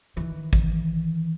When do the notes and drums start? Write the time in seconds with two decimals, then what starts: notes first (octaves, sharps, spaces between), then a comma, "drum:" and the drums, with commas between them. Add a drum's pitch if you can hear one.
0.17 D#3 E3
0.53 drum: kick